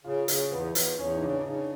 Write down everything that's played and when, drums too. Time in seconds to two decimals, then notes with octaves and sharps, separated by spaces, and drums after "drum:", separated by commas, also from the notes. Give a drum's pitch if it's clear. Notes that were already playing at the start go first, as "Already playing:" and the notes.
0.04 C#3 F4
0.28 C#3, drum: hi-hat
0.51 E2 B3
0.75 E2, drum: hi-hat
0.98 E2 C#4
1.14 D#4
1.22 C#3 D4
1.39 D4
1.45 C#3 D#4